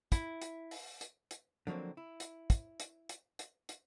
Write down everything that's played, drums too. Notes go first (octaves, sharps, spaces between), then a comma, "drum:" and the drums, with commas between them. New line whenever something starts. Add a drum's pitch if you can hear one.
E4, drum: kick, hi-hat
drum: hi-hat
drum: open hi-hat
drum: hi-hat
drum: hi-hat
D3 F3 F#3 A#3 C4
E4
drum: hi-hat
drum: kick, hi-hat
drum: hi-hat
drum: hi-hat
drum: hi-hat
drum: hi-hat